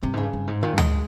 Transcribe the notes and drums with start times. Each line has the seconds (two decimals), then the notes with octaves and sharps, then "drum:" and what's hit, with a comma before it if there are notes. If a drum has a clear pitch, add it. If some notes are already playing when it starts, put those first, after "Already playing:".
0.03 G2 C3
0.13 G#2 C#3
0.23 G2
0.33 G2
0.47 G#2
0.63 A#2 D#3
0.73 G2
0.78 G#3, drum: tom D2